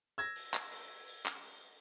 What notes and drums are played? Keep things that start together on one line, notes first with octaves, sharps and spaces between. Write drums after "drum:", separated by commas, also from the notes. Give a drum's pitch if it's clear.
E6 G#6 A#6
drum: open hi-hat
drum: clap
drum: open hi-hat
drum: open hi-hat
drum: clap
drum: open hi-hat